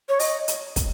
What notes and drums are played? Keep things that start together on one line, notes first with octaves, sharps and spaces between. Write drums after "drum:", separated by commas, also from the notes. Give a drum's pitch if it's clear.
C#5
D#5, drum: open hi-hat
drum: hi-hat
drum: kick, hi-hat